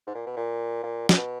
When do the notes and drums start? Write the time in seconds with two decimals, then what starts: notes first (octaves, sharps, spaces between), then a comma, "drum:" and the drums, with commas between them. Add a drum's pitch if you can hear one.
0.07 G#2
0.15 A#2
0.27 B2
0.37 A#2
0.83 A#2
1.09 C#3, drum: snare
1.17 B2